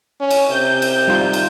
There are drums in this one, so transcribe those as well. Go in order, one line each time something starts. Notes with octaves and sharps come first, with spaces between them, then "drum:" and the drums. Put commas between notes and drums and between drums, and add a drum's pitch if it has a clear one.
C#4
drum: cymbal
C3 G6
drum: cymbal
G3 D#4 F4
drum: cymbal